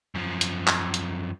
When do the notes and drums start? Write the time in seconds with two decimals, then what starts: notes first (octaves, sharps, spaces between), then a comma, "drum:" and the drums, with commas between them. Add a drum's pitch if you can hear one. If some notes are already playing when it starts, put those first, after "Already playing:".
0.15 F#2 F3
0.41 drum: hi-hat
0.67 drum: clap
0.94 drum: hi-hat